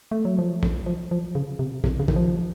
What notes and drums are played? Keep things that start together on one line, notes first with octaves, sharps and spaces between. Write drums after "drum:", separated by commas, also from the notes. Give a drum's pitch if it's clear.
A3
F#3
F3
drum: kick
F3
F3
C#3
C3
C3, drum: kick
C#3
D#3, drum: kick
F3